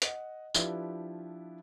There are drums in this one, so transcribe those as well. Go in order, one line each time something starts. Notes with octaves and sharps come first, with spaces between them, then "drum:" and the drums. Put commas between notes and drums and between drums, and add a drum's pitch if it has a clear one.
D#5 F#5, drum: hi-hat
F3 D4 E4 F4 G4 B4, drum: tambourine